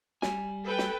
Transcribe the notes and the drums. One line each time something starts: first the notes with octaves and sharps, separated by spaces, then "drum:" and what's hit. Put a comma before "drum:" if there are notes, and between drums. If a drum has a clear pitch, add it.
G3 G#5, drum: snare
A4 B4 G5
drum: snare